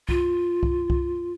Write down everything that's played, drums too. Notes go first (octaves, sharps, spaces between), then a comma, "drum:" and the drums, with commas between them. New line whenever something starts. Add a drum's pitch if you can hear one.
F4, drum: kick C2
drum: kick C2
drum: kick C2